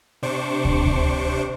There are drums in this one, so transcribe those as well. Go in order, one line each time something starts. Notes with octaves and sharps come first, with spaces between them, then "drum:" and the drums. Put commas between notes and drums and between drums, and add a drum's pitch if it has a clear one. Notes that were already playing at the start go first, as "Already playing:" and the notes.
C3 D4 C5 C#6 D6
drum: kick
drum: kick